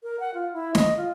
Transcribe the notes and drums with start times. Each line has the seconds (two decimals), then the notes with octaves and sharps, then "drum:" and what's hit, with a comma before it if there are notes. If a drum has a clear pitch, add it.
0.03 A#4
0.20 F#5
0.34 F4
0.53 E4
0.75 D#5, drum: snare
0.97 F4